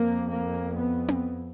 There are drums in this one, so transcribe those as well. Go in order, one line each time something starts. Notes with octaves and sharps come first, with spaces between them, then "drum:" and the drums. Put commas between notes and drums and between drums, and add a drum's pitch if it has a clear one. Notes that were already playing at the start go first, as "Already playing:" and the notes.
Already playing: F2 A#3
A#3
B3
drum: tom C4